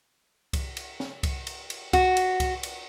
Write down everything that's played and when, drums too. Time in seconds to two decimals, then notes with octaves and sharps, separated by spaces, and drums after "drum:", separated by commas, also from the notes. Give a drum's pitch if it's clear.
0.53 drum: kick C2, cymbal
0.77 drum: cymbal
1.00 drum: snare
1.23 drum: kick C2, cymbal
1.47 drum: cymbal
1.70 drum: cymbal
1.93 F#4, drum: kick C2, cymbal
2.17 drum: cymbal
2.40 drum: kick C2, cymbal
2.63 drum: cymbal